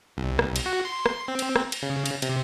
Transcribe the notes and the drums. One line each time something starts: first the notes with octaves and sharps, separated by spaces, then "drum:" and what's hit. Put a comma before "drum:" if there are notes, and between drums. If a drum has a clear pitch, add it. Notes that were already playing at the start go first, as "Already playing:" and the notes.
C2
drum: rim click
drum: cymbal
F#4
C6
drum: rim click
C4
drum: cymbal
drum: rim click
drum: cymbal
C#3
drum: cymbal
C3, drum: cymbal